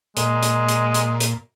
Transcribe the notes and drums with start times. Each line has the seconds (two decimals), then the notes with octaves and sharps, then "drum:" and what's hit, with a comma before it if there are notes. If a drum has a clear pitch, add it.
0.17 A#2 G#3, drum: hi-hat
0.43 drum: hi-hat
0.69 drum: hi-hat
0.94 drum: hi-hat
1.20 drum: hi-hat